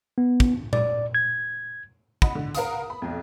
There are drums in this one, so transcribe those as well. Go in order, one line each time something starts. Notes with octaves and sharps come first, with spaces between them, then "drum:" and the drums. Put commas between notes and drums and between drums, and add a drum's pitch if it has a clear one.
B3
drum: kick
D5, drum: tom A#2
G#6
D#5 F#5 B5, drum: kick
D3
A#4 B4 F5 F#5 D#6, drum: hi-hat
B5
B1 F2